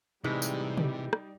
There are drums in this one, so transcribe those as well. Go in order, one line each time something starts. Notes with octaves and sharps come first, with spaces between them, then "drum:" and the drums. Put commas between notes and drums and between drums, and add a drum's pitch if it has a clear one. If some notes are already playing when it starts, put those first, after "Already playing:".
A2 C3 E3 G3 G#3 D#4
drum: tambourine
drum: tom
drum: rim click